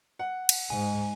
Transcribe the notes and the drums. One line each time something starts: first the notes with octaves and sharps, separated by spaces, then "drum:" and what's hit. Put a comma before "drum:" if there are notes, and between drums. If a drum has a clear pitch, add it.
F#5
drum: cymbal
G#2 G#5